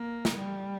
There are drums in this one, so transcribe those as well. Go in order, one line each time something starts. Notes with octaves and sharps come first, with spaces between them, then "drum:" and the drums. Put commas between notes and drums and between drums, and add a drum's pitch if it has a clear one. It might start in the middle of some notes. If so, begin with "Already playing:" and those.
Already playing: A#3
drum: snare
G3